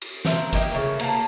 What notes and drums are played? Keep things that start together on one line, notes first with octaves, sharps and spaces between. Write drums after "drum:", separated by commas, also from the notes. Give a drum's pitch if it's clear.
drum: cymbal
F3 A#3 E5, drum: snare
A#3 D#4 G4 E5, drum: kick, cymbal
C#3 F#3 A3 A#3
A#3 F5 A5, drum: cymbal